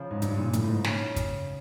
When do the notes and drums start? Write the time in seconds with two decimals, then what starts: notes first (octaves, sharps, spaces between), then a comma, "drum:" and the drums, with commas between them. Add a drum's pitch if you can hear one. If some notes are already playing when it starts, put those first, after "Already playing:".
Already playing: C#3 F3
0.11 G#2
0.22 G2, drum: hi-hat
0.37 A#2
0.53 A2, drum: hi-hat
0.64 A2
0.69 G#2
0.84 C#3, drum: snare
1.16 drum: kick, hi-hat